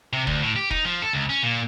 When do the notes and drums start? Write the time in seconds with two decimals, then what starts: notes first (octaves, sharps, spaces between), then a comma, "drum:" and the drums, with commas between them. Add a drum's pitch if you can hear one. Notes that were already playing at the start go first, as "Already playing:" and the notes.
0.13 C3
0.27 D2, drum: kick
0.42 A2
0.56 G4
0.71 D#4, drum: kick
0.85 F3
1.02 A4
1.13 C#2
1.29 C#4
1.43 A#2